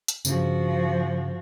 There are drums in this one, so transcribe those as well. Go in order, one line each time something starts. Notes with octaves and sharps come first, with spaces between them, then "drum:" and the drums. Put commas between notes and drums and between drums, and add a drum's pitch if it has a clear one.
drum: hi-hat
G2 C#3 F3 F#4, drum: tambourine